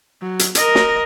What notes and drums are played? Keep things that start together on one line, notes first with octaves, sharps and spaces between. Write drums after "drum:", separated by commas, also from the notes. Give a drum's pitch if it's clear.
F#3
drum: hi-hat
A#4 D#5, drum: hi-hat
drum: snare